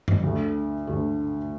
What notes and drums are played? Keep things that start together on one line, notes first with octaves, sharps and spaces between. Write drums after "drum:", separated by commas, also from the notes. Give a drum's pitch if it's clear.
drum: tom F#2
D2 D3 A3
D2 D3 A3